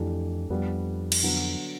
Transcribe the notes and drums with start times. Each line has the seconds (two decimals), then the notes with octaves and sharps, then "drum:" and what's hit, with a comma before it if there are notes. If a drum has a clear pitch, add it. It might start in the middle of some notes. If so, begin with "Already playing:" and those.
Already playing: F2 E3 A3 D4 G4
0.50 F2 G3 B3 D4
1.12 drum: cymbal
1.23 D3 F#3 B3